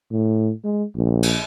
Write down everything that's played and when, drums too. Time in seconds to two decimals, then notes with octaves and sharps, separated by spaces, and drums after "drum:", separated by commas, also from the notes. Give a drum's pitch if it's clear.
0.11 A2
0.64 G#3
0.96 A#1
1.23 drum: cymbal